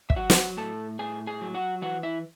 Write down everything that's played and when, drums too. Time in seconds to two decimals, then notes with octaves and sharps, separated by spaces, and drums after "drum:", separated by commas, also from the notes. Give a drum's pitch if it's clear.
0.10 E5, drum: kick
0.16 F#3 F#4 F#5
0.30 drum: snare
0.57 A2 A4 A5
0.99 A2 G#4 G#5
1.27 G#4 G#5
1.41 F#3
1.54 F#4 F#5
1.82 E3 F#4 F#5
2.03 E4 E5